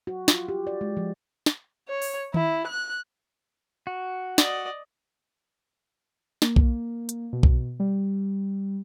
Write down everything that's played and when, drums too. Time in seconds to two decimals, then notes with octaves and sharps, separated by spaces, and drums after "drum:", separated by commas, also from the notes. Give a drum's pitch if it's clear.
0.07 F#4
0.28 F4, drum: snare
0.48 G4
0.67 D5
0.81 G#3
0.97 F3
1.46 drum: snare
1.89 C#5
2.02 drum: open hi-hat
2.34 E4, drum: tom D#3
2.67 F#6
3.87 F#4
4.38 D5 D#5, drum: snare
6.42 A#3, drum: snare
6.56 drum: kick B1
7.09 drum: hi-hat
7.33 B2
7.43 drum: kick B1
7.80 G3